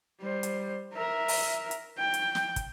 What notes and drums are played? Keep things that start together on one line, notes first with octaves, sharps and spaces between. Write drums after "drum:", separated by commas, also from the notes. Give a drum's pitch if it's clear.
G3 C5
drum: hi-hat
A#4 E5
drum: open hi-hat
drum: hi-hat
G5
drum: hi-hat
drum: snare
drum: kick, hi-hat